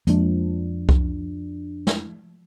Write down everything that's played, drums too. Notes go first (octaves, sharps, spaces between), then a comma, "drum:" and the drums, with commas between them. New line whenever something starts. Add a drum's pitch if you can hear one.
F2 F3 G#3 A#3 D4, drum: hi-hat
drum: kick C2
drum: snare